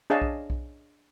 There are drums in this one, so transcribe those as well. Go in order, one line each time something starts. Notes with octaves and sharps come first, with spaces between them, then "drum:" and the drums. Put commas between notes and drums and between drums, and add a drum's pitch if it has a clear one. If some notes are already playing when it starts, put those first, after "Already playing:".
D4 G#4 C#5 D#5 F5 A5
drum: kick B1
drum: kick B1